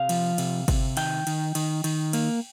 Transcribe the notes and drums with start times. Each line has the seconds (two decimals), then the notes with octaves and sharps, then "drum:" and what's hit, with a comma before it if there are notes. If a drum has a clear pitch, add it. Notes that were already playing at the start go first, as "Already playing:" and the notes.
Already playing: C3 F5
0.09 F3, drum: cymbal
0.38 C3, drum: cymbal
0.68 C3, drum: kick G1, cymbal
0.97 D#3 G5, drum: cymbal
1.27 D#3, drum: cymbal
1.55 D#3, drum: cymbal
1.84 D#3, drum: cymbal
2.13 A#3, drum: cymbal